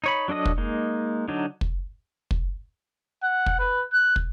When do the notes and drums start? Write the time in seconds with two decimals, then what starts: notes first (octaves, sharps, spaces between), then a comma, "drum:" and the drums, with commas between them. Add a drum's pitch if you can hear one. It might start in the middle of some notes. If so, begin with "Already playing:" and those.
0.04 D#4 C#5 B5
0.28 F#3 D4 A4 D#5 D#6
0.45 drum: kick
0.58 G#3 A#3 D#4
1.28 D3 F#3 D4 D#4
1.61 drum: kick
2.31 drum: kick
3.23 F#5
3.46 drum: kick
3.59 B4
3.93 F#6
4.16 drum: kick